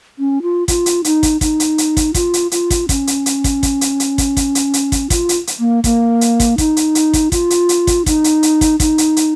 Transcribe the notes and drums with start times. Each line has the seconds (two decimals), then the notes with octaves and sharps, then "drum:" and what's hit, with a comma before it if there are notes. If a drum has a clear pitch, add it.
0.19 C#4
0.42 F4
0.68 F4, drum: kick, hi-hat
0.86 drum: hi-hat
1.04 D#4, drum: hi-hat
1.23 drum: kick, hi-hat
1.41 D#4, drum: kick, hi-hat
1.60 drum: hi-hat
1.78 drum: hi-hat
1.97 drum: kick, hi-hat
2.14 F4, drum: kick, hi-hat
2.34 drum: hi-hat
2.51 F4, drum: hi-hat
2.70 drum: kick, hi-hat
2.89 C#4, drum: kick, hi-hat
3.07 drum: hi-hat
3.26 drum: hi-hat
3.44 drum: kick, hi-hat
3.63 drum: kick, hi-hat
3.81 drum: hi-hat
4.00 drum: hi-hat
4.18 drum: kick, hi-hat
4.37 drum: kick, hi-hat
4.55 drum: hi-hat
4.74 drum: hi-hat
4.92 drum: kick, hi-hat
5.10 F4, drum: kick, hi-hat
5.29 drum: hi-hat
5.47 drum: hi-hat
5.59 A#3
5.84 A#3, drum: kick, hi-hat
6.21 drum: hi-hat
6.40 drum: kick, hi-hat
6.58 D#4, drum: kick, hi-hat
6.77 drum: hi-hat
6.95 drum: hi-hat
7.13 drum: kick, hi-hat
7.32 F4, drum: kick, hi-hat
7.50 drum: hi-hat
7.69 drum: hi-hat
7.87 drum: kick, hi-hat
8.06 D#4, drum: kick, hi-hat
8.24 drum: hi-hat
8.43 drum: hi-hat
8.61 drum: kick, hi-hat
8.80 D#4, drum: kick, hi-hat
8.98 drum: hi-hat
9.17 drum: hi-hat